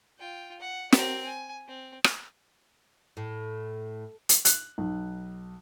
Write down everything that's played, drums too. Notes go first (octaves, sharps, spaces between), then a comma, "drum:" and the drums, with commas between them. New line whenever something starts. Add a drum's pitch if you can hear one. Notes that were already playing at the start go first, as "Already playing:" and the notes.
F4 G5
F#5
C4 A#4, drum: snare
G#5
C4
drum: rim click
A2
drum: hi-hat
F#6, drum: hi-hat
B1